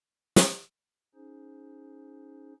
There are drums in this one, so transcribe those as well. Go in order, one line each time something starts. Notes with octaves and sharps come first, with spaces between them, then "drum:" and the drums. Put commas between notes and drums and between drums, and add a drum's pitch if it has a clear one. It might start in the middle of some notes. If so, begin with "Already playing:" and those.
drum: snare
C#4 D#4 G#4 C5